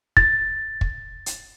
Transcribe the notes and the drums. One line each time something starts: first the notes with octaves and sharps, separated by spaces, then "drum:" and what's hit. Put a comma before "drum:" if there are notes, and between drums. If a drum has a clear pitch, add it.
A6, drum: kick
drum: kick
drum: hi-hat